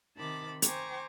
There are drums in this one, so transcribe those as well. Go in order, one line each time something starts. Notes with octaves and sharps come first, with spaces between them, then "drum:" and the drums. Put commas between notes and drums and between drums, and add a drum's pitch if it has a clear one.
C3 D#3 A5 B5 D6
C5 G5 G#5 A#5 C#6 D6, drum: hi-hat